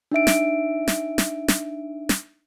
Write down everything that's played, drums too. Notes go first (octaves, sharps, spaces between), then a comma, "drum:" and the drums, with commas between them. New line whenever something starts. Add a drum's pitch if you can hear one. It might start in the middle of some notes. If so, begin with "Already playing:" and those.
D4 D#4 E5 D7
drum: snare
drum: snare
drum: snare
drum: snare
drum: snare